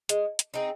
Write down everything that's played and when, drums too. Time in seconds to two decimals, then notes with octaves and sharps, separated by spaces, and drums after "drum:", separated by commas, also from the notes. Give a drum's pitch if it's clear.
0.09 G#3, drum: hi-hat
0.39 drum: hi-hat
0.54 C4 D#4 G#4